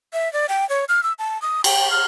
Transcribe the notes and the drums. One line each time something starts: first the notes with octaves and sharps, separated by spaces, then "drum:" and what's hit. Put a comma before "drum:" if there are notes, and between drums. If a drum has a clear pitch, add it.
E5
D5
G5
C#5
F6
E6
A5
D#6
G5, drum: cymbal
F6